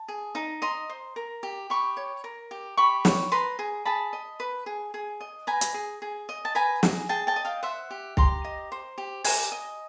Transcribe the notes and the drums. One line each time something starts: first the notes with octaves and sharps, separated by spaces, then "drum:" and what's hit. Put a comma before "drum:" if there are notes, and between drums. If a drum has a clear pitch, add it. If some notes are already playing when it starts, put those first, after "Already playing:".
Already playing: A5
G#4
D#4
D#5 A#5 C6
C5
A#4
G4
G4 B5 C#6
C#5
A#4
G4
G4 B5 C#6
C#5, drum: snare
B4 A#5 C6
G#4
G#4 A5 B5
D#5
B4
G#4
G#4
D#5
B4 G#5 A#5
drum: hi-hat
G#4
G#4
D#5
A5
B4 G#5 A#5
G#4, drum: snare
G#4 G5 A5
G5 A5
D#5
F5 G5
C5 E5 F#5
G4
G4 A#5 C6, drum: kick B1
D#5
C5
G4
G4 G#5 A#5, drum: open hi-hat
D#5